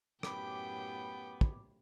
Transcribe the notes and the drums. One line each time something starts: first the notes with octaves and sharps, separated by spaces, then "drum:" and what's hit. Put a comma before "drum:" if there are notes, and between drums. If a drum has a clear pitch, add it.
F#2 A2 B3 G4 G5 B5 D6, drum: rim click
drum: kick